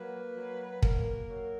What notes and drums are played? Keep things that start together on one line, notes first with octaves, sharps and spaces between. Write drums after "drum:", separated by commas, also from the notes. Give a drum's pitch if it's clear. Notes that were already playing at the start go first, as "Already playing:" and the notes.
Already playing: F#3 A#3 B4
F#3
A#3 A#4, drum: kick
F#3